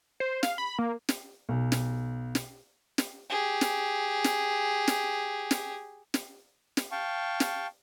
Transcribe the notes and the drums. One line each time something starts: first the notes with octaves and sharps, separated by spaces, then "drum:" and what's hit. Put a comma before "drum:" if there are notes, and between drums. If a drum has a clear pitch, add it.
C5
F5, drum: snare
B5
A#3
drum: snare
B1
drum: snare
drum: snare
drum: snare
G4 G#4
drum: snare
drum: snare
drum: snare
drum: snare
drum: snare
drum: snare
F5 G5 A5 C#6
drum: snare